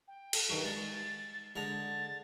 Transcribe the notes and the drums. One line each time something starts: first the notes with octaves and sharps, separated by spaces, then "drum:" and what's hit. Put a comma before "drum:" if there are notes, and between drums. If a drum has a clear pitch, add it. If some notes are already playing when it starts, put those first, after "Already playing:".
G5
A4, drum: cymbal
G2 D#3 C#6
G#3 A6
D3 G#3 A#5 A6